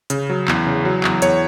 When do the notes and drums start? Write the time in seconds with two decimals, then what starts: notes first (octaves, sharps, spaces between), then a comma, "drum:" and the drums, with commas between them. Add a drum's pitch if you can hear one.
0.10 C#3, drum: hi-hat
0.30 F#3
0.48 E2, drum: clap
0.67 C#3
0.85 F#3
1.04 E2, drum: clap
1.22 E2 C#5, drum: hi-hat